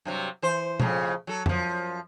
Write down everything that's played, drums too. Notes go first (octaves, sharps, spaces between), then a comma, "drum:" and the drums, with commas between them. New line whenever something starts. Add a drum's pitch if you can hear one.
G2 C3 F#3
E3 C5
F2 A2 C#3, drum: tom B2
F#3 A4
F#2 F3, drum: tom F2